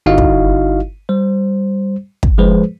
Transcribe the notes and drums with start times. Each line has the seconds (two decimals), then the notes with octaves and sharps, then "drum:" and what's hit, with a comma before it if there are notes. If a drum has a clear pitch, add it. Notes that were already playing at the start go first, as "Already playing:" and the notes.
0.06 G1 D#4 E4 F#4 D#5 F5
0.18 drum: kick
1.09 G3 C5
2.23 drum: kick
2.38 F3 G#3 G#4 B4 C5